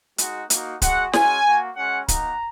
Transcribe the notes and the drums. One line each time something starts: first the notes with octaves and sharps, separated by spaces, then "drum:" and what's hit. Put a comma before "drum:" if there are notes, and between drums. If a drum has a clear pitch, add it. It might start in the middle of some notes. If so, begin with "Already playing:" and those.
G#3 D#4 F#4, drum: hi-hat
A#3 D#4 F#4, drum: hi-hat
G#3 F#4 F#5, drum: kick D1, hi-hat
G#3 C#4 F#4 G#5, drum: snare
A#3 F#4
G#3 C#4 F#4 F#5
A#3 D#4 F#4 A#5, drum: kick D1, hi-hat